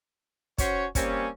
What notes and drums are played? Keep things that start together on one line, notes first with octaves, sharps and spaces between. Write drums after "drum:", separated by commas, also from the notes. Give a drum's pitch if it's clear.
C#4 F#4 C5 C#5, drum: kick, hi-hat
G3 A#3 C4 C#4, drum: kick, hi-hat